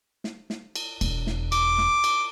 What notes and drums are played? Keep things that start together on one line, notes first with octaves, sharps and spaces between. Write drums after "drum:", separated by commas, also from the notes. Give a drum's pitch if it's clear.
drum: snare
drum: snare
drum: cymbal
E1 E2, drum: cymbal
drum: snare
D6, drum: cymbal
drum: snare
drum: cymbal